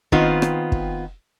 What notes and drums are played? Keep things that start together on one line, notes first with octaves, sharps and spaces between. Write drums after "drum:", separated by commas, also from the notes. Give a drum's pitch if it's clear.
D#3 B3 C4 F4, drum: kick
drum: rim click
drum: kick